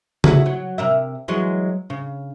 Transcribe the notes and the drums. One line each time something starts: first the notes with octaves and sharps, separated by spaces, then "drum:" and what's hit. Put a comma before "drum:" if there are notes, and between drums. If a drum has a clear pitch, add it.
E4 F#4 G#4, drum: tom C#3
F#3
C3 A#4 E5
E3 F#3 G#3
C#3